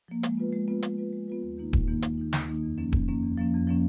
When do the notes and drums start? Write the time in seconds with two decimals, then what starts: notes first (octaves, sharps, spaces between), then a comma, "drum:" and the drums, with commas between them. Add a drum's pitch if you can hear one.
0.08 F3 A#3
0.23 G#3, drum: hi-hat
0.38 B3 F4 B4
0.52 G#3
0.68 B3 F4 B4
0.82 G#3, drum: hi-hat
0.98 B3 F4 B4
1.13 G#3
1.28 B3 F4 B4
1.43 D#2
1.58 D#3 A#3 D#4
1.73 D#2, drum: kick D#1
1.88 D#3 A#3 D#4
2.02 D#2, drum: hi-hat
2.18 D#3 A#3 D#4
2.33 D#2, drum: snare
2.48 D#3 A#3 D#4
2.63 F2
2.78 F3 A#3 C#4
2.92 F2, drum: kick D#1
3.08 F3 A#3 C#4
3.23 F2
3.37 F3 A#3 C#4
3.54 F2
3.67 F3 A#3 C#4